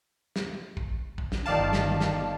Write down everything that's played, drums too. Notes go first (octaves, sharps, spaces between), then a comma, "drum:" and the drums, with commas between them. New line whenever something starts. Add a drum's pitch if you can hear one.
drum: snare
drum: kick
drum: kick
drum: snare
G1 D#3 D5 F5 A5
drum: snare
drum: snare